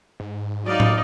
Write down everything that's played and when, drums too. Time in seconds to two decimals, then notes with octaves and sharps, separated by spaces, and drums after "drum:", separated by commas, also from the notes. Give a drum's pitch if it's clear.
0.20 G#2
0.67 F#3 D#4 D5 D#5 F5
0.80 drum: tom A2